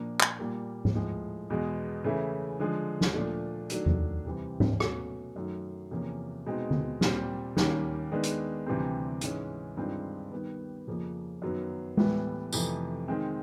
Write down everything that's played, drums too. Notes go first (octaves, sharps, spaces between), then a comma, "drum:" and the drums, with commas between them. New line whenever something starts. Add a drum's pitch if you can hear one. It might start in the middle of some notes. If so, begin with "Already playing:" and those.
Already playing: A#2 F3 A#3 D4
drum: clap
A#2 G3 A#3
drum: tom G#2
A2 F3 G#3
E2 B2 G#3
C#3 E3 A3 C#4 E4
D3 F3 G#3
drum: snare
A#2 F3 A3 D4
D#3 F#3 A3 D4, drum: hi-hat
drum: tom E2
C3 E3 G3 C4
drum: tom G#2
B2 F#3 A3 C#4 F#4, drum: rim click
F#2 D#3 F#3 A3
E2 C3 F3 A#3 C#4
B2 G#3 C4 D#4
drum: tom D3
A#2 G3 C4, drum: snare
D#2 D#3 G3 A#3 C#4, drum: snare
D#3 G#3 B3 D4
drum: hi-hat
D2 C3 E3 G3 C4
G#2 E3 G#3 C#4, drum: hi-hat
G2 D#3 G#3 C4 F4
D#3 G3 B3
F2 C#3 F3 A#3
F#2 D#3 F#3 B3
A2 E3 G3 B3 E4, drum: tom G#3
F2 C3 E3 A3, drum: tambourine
D#3 G#3 C4